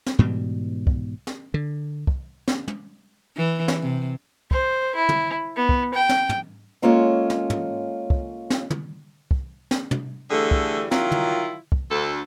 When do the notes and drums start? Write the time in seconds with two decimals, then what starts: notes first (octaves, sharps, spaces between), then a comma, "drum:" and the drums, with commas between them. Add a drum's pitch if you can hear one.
0.06 drum: snare
0.19 G#2 B2 E3 G3
0.87 drum: kick
1.27 drum: snare
1.54 D3
2.07 drum: kick
2.48 drum: snare
2.68 drum: tom
3.37 E3
3.68 drum: snare
3.82 C3
4.51 C5, drum: kick
4.96 E4
5.09 drum: tom
5.57 B3
5.69 drum: kick
5.94 G5
6.09 drum: snare
6.29 drum: tom
6.82 G#3 A#3 C#4 F4 A4 C#5
7.30 drum: snare
7.50 drum: tom
8.10 drum: kick
8.50 drum: snare
8.70 drum: tom
9.31 drum: kick
9.71 drum: snare
9.91 drum: tom
10.30 D3 E3 G3 A3 G#4
10.51 drum: kick
10.91 D#3 F#3 E4 F4, drum: snare
11.12 drum: tom
11.72 drum: kick
11.91 D2 A4